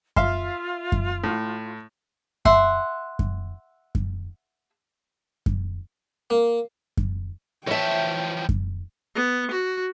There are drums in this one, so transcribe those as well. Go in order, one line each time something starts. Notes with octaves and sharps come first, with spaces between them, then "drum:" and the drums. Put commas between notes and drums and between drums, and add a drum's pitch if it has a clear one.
F4 E5 F5 C6, drum: kick F#2
drum: kick F#2
A2
E5 F#5 C6, drum: kick F#2
drum: kick F#2
drum: kick F#2
drum: kick F#2
A#3
drum: kick F#2
E3 F3 C#5 E5 G5 A5
drum: kick F#2
B3
F#4